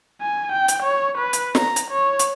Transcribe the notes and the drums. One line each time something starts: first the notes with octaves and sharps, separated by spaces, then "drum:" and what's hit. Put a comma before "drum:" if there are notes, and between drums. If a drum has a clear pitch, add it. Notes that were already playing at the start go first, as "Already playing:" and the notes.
G#5
G5
drum: hi-hat
C#5
B4
drum: hi-hat
A#5, drum: snare
drum: hi-hat
C#5
drum: hi-hat